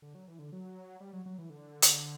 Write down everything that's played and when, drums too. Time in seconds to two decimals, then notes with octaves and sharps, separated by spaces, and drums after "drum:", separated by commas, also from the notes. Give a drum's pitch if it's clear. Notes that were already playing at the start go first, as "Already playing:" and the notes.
0.02 D3
0.14 F#3
0.28 E3
0.39 D3
0.52 F#3
1.00 G3
1.13 F#3
1.26 F#3
1.38 E3
1.50 D3
1.82 drum: hi-hat